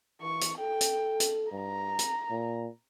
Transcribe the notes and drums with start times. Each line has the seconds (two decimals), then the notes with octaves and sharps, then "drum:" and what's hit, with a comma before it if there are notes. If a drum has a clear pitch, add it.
0.22 E3 C#6
0.41 drum: hi-hat
0.58 A4 G5
0.81 drum: hi-hat
1.20 drum: hi-hat
1.52 G2 A#5
1.99 drum: hi-hat
2.30 A#2